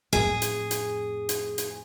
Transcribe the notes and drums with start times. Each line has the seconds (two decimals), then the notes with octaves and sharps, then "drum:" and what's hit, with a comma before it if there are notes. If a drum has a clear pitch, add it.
0.13 F2 A2 G#4
0.42 drum: hi-hat
0.71 drum: hi-hat
1.29 drum: hi-hat
1.58 drum: hi-hat